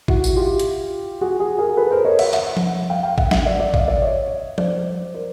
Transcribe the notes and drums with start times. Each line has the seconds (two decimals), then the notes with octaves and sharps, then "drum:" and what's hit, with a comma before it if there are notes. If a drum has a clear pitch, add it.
0.08 E4 F#4, drum: kick
0.24 drum: tambourine
0.36 F4 G4
0.59 drum: hi-hat
1.21 F#4 G#4
1.40 F#4 G#4
1.58 G#4 A#4
1.77 A4 B4
1.91 A#4 C5
2.05 C#5 D#5
2.19 E5 F#5, drum: cymbal
2.33 E5 F#5, drum: clap
2.57 drum: tom F3
2.90 F5 G5
3.03 F5 G5
3.18 E5 F#5, drum: kick
3.31 E5 F#5, drum: snare
3.46 D5 E5
3.60 D5 E5
3.74 D#5 F5, drum: kick
3.88 D5 E5
4.02 C#5 D#5
4.58 C5 D5, drum: tom F3
5.14 A#4 C5